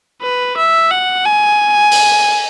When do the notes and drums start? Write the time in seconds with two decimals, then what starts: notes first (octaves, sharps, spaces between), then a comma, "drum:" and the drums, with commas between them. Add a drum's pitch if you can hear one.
0.22 B4
0.57 E5
0.91 F#5
1.25 G#5
1.92 drum: open hi-hat